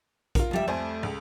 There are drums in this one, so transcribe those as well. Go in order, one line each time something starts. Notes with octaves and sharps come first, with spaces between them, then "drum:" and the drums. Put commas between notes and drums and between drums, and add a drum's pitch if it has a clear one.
F4 A#4, drum: kick A#1, hi-hat
D2 G3 E5
F2 A3 C5 G#5
C#2